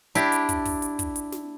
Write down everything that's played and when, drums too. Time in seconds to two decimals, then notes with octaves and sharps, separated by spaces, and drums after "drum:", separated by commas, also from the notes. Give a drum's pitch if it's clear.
0.15 D4 E4 G4, drum: hi-hat
0.32 drum: hi-hat
0.49 drum: kick, hi-hat
0.65 drum: kick, open hi-hat
0.82 drum: hi-hat
0.99 drum: kick, hi-hat
1.16 drum: hi-hat
1.32 drum: snare